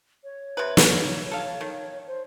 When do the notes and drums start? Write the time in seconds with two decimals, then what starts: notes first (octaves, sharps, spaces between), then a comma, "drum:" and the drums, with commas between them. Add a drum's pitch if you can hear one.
0.24 C#5
0.57 C3 B4
0.77 A#4, drum: snare
1.31 A4 F5
1.61 D#3
2.07 C5